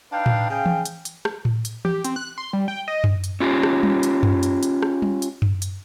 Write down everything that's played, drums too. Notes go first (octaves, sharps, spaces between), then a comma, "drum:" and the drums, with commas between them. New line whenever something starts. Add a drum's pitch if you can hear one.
D4 D#4 B4 F5 G5
drum: tom A2
C#3 F5 G5
drum: tom E3
drum: hi-hat
drum: hi-hat
drum: rim click
drum: tom A2
drum: hi-hat
G4, drum: tom E3
C4, drum: hi-hat
F#6
C6
G3
G5
D#5
drum: tom F#2
drum: hi-hat
C#4 F4 G4
drum: rim click
drum: tom G3
drum: hi-hat
drum: tom F#2
drum: hi-hat
drum: hi-hat
drum: rim click
drum: tom G3
drum: hi-hat
drum: tom F#2
drum: hi-hat